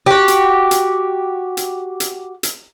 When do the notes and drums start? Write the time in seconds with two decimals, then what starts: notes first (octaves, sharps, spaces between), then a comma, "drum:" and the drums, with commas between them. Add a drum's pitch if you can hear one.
0.06 F#4 G4
0.28 drum: hi-hat
0.71 drum: hi-hat
1.57 drum: hi-hat
2.00 drum: hi-hat
2.43 drum: hi-hat